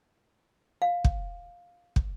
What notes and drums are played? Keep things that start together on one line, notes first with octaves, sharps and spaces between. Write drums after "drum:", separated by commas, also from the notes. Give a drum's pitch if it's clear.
F5
drum: kick
drum: kick